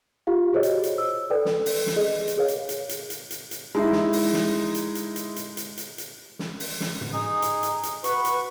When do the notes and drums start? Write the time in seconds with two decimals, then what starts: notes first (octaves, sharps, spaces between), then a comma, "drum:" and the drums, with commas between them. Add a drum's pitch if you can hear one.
0.27 F4 G4 F5
0.53 F#4 G#4 C5 C#5 D#5
0.63 drum: hi-hat
0.83 drum: hi-hat
0.98 E6
1.30 A4 B4 D5 G5
1.45 drum: snare
1.66 drum: open hi-hat
1.86 drum: snare
1.96 G#4 D#5
2.28 drum: hi-hat
2.37 G#4 A#4 C#5 F5
2.48 drum: hi-hat
2.69 drum: hi-hat
2.89 drum: hi-hat
3.10 drum: hi-hat
3.31 drum: hi-hat
3.51 drum: hi-hat
3.75 G#3 D#4 E4
3.92 drum: snare
4.13 drum: open hi-hat
4.33 drum: snare
4.75 drum: hi-hat
4.95 drum: hi-hat
5.16 drum: hi-hat
5.36 drum: hi-hat
5.57 drum: hi-hat
5.78 drum: hi-hat
5.98 drum: hi-hat
6.39 drum: snare
6.60 drum: open hi-hat
6.80 drum: snare
7.01 drum: tom
7.13 D#4 G#4
7.42 drum: hi-hat
7.63 drum: hi-hat
7.83 drum: hi-hat
8.04 F#4 B4 C#6, drum: hi-hat
8.25 drum: hi-hat